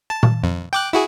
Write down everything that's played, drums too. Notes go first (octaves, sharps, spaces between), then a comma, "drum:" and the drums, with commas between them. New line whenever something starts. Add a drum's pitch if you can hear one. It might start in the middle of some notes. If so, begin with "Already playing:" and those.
A5
drum: tom A#2
F2
G5 D6 F#6
E4 F#4 G#4